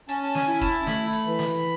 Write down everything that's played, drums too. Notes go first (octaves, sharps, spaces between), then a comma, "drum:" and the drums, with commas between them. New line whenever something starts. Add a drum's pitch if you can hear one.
C#4 A5, drum: hi-hat
A5
G#5, drum: snare
E4
A5, drum: kick, hi-hat
A3 B5, drum: snare
drum: hi-hat
E3
drum: snare